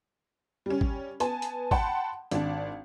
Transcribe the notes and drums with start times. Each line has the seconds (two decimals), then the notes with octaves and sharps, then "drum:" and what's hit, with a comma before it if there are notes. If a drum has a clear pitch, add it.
0.66 G3 C#4
0.81 drum: kick G#1
1.20 B3 G#5 A5, drum: hi-hat
1.42 drum: hi-hat
1.71 F#5 G5 A5 B5 C6, drum: kick G#1
2.31 G#1 D4, drum: hi-hat